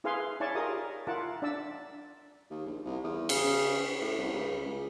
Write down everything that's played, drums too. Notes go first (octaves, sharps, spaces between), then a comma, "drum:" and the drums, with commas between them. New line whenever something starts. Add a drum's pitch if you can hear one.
E4 G#4 B4 F5 G#5 C6
E4 C#5 D5 G#5 A5 C#6
F4 G4 G#4 A#4 D#5 D#6
E4 F4 A#4 F#5 A5 D6
D4 D5 E5 A5 E6
D#2
A#1
C2
E2
C#3, drum: cymbal
A2
C2
C#2
C#2